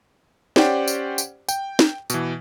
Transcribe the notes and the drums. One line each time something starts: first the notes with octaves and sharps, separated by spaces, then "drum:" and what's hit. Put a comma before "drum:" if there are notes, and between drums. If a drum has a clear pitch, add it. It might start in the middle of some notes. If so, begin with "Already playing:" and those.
C#4 G4 C5 D5 F#5 G5, drum: snare
drum: tambourine
drum: tambourine
G5, drum: tambourine
drum: snare
B2 E3, drum: tambourine